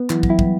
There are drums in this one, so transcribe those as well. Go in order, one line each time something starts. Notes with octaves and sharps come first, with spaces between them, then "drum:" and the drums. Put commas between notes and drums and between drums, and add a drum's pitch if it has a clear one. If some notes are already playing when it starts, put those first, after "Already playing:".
Already playing: B3
E3 F#3, drum: clap
F#3, drum: kick
G3 E4
drum: kick